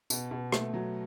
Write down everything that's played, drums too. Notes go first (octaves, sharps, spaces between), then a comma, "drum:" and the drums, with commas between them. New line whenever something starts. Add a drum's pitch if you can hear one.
B2, drum: tambourine
B2
A3, drum: rim click
F#3